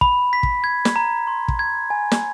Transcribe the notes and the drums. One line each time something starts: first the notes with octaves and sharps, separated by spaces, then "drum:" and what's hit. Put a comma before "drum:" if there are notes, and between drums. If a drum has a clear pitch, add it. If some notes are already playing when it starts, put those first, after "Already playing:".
B5, drum: kick
B6
drum: kick
G#6
drum: snare
A#5
C6
drum: kick
G#6
G#5
drum: snare